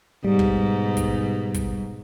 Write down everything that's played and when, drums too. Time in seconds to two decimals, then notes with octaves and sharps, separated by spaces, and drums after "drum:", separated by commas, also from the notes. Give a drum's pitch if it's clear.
0.25 G#2 B2 G3
0.39 drum: kick
0.97 drum: kick, hi-hat
1.54 drum: kick, hi-hat